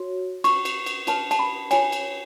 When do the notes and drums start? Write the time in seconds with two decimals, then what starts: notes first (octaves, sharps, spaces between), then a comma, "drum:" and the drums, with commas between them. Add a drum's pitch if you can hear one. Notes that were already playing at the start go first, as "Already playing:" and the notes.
Already playing: F#4 C#5
0.44 F4 B4 C#6, drum: cymbal
0.65 drum: cymbal
0.86 drum: cymbal
1.07 F4 B4 A5, drum: cymbal
1.31 A5, drum: cymbal
1.39 B5
1.71 F4 A4 C#5 G#5, drum: cymbal
1.92 drum: cymbal